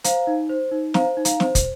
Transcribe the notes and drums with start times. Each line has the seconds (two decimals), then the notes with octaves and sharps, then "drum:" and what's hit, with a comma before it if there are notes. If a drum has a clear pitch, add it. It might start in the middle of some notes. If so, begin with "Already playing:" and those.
0.04 C5 F5 A#5, drum: hi-hat
0.27 D#4
0.50 C5
0.72 D#4
0.94 C5 F5 A#5, drum: snare
1.17 D#4
1.25 F5 A#5, drum: hi-hat
1.40 C5, drum: snare
1.55 drum: kick, hi-hat